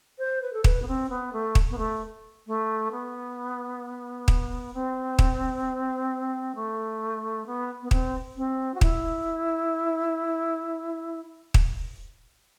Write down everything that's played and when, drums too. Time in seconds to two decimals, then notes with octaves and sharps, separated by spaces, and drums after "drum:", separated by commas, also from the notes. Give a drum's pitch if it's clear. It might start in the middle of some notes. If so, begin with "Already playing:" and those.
0.18 C5
0.41 B4
0.53 A4
0.64 B4, drum: kick
0.82 B3
0.87 C4
1.09 B3
1.33 A3
1.55 drum: kick
1.70 B3
1.78 A3
2.47 A3
2.91 B3
4.28 drum: kick
4.74 C4
5.19 drum: kick
6.55 A3
7.46 B3
7.82 B3
7.91 C4, drum: kick
8.36 C4
8.74 F#4
8.81 E4, drum: kick
11.54 drum: kick